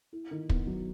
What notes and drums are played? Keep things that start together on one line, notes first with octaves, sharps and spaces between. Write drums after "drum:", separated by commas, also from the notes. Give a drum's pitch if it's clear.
E4
D#3
B3, drum: kick
F#3